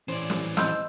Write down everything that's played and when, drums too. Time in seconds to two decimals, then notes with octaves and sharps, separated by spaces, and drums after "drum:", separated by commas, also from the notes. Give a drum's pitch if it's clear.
0.08 E3 C#4 C5 D5
0.30 drum: snare
0.57 D#5 B5 C6 E6 G6, drum: snare